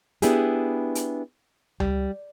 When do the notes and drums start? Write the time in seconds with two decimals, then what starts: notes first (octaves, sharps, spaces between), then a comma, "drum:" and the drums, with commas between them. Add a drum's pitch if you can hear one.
0.22 B3 D4 E4 G4 G#4, drum: hi-hat
0.95 drum: hi-hat
1.80 G3, drum: tom C#2